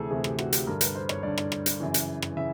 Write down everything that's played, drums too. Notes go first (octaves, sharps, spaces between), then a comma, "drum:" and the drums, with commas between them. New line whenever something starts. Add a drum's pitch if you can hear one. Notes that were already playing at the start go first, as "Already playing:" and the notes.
Already playing: D2 C3 E3 G#4 A4
D2 C3 E3 G#4
G4, drum: rim click
F#4, drum: rim click
G4, drum: hi-hat
G2 D3 A#4
B4, drum: hi-hat
C5
C#5, drum: rim click
G2 D3 D5
drum: rim click
drum: rim click
drum: hi-hat
F#2 C#3 E3
drum: hi-hat
drum: rim click
C#3 E3 E5